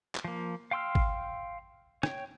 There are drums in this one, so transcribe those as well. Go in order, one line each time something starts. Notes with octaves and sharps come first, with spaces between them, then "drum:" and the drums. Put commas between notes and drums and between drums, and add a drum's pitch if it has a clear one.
drum: clap
F3 A#3
F5 G5 C6 E6 F6
drum: kick
C#5 G5, drum: rim click